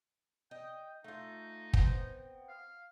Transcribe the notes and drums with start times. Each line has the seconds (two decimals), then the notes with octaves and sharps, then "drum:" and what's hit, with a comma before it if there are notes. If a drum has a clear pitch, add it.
0.51 D#5 G5
1.04 A3 D#4 F4
1.73 B3 C4, drum: kick
2.49 F5